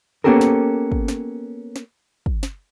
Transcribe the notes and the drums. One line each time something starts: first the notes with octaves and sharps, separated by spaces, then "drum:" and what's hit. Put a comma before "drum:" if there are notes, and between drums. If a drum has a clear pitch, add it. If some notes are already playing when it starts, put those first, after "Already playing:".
A#3 B3 C#4 G4 A4 A#4
drum: snare
drum: kick
drum: snare
drum: snare
drum: kick
drum: snare